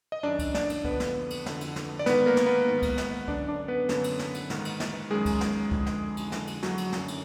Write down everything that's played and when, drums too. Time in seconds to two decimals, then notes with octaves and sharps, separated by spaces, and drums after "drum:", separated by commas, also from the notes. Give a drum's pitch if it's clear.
0.12 D#5
0.23 F#2 D#3 D4 D5
0.39 drum: kick, cymbal
0.55 D4 D5, drum: snare
0.69 drum: cymbal
0.85 F2 D3 B3 B4, drum: kick
1.00 drum: snare
1.30 drum: cymbal
1.46 F2 D3, drum: snare
1.61 drum: cymbal
1.76 drum: snare
1.99 D5
2.06 G#2 D#3 B3 B4, drum: snare
2.26 A#3 A#4
2.37 drum: snare
2.46 B3 B4
2.67 G#2 D#3
2.82 drum: kick, cymbal
2.98 drum: snare
3.28 F#2 D3 D4 D5, drum: kick
3.48 D4 D5
3.68 B3 B4
3.89 F#2 D3, drum: snare
4.04 drum: cymbal
4.19 drum: snare
4.34 drum: cymbal
4.50 G#2 D#3, drum: snare
4.65 drum: cymbal
4.80 drum: snare
5.10 F#2 D#3 G#3 G#4
5.26 drum: kick, cymbal
5.41 drum: snare
5.71 F2 D3, drum: kick
5.86 drum: snare
6.17 drum: cymbal
6.32 F2 D3, drum: snare
6.47 drum: cymbal
6.63 F#3 F#4, drum: snare
6.78 drum: cymbal
6.92 F#2 D3, drum: snare
7.08 drum: cymbal